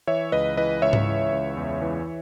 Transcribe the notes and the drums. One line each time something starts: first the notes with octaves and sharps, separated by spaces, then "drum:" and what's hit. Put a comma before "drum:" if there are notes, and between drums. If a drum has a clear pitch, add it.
E3 C#5 E5
C#2 B4 D#5
E3 B4 D#5
C#2 C#5 E5
drum: tom G#2
E3
C#2
E2
E3